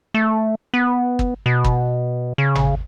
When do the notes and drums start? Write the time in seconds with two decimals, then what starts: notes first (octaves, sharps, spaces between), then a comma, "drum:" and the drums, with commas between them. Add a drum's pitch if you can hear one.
0.14 A3
0.74 B3
1.19 drum: kick
1.46 B2
1.64 drum: kick
2.38 C#3
2.55 drum: tom G#1